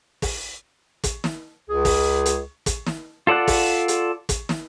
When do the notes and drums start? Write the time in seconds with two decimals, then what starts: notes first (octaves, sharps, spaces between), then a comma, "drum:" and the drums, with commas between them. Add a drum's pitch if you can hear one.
0.22 drum: kick, open hi-hat
1.04 drum: kick, hi-hat
1.24 drum: snare
1.69 C#2 G#4
1.85 drum: kick, open hi-hat
2.26 drum: hi-hat
2.66 drum: kick, hi-hat
2.87 drum: snare
3.27 F4 A4 D5 F#5 F#6
3.48 drum: kick, open hi-hat
3.88 drum: hi-hat
4.29 drum: kick, hi-hat
4.49 drum: snare